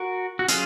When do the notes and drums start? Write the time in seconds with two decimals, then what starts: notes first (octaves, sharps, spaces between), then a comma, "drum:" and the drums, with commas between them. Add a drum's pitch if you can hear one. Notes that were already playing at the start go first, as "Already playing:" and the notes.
Already playing: F#4 A#4
0.39 F#4
0.48 F#3 C#4 F4 G#4, drum: hi-hat